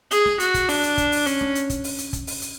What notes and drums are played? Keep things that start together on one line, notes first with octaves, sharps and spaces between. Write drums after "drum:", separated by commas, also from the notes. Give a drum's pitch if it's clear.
G#4, drum: hi-hat
drum: snare
F#4, drum: hi-hat
drum: kick, hi-hat
D4, drum: open hi-hat
drum: hi-hat
drum: kick, hi-hat
drum: open hi-hat
C#4, drum: hi-hat
drum: snare
drum: hi-hat
drum: kick, hi-hat
drum: open hi-hat
drum: hi-hat
drum: kick, hi-hat
drum: open hi-hat
drum: hi-hat